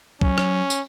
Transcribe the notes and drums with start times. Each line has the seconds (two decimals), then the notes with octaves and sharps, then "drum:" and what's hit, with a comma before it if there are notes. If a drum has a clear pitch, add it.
0.21 F#3 C#4, drum: kick
0.38 drum: rim click
0.70 drum: tambourine